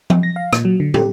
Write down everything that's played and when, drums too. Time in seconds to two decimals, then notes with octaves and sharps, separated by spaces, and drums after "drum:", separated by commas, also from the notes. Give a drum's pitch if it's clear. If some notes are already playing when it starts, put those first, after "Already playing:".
0.10 drum: tom F3
0.23 A#6
0.36 F5
0.53 A#2, drum: rim click
0.65 F#3
0.80 D3
0.94 G4, drum: tom